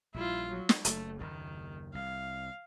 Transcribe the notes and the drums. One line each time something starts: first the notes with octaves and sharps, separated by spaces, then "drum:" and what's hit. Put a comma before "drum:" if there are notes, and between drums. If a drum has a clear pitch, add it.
A#1 D#3 G3 E4 F4
F#3
drum: snare
F#1 F#3 A3, drum: hi-hat
F#1 D#2 D#3
C2 F5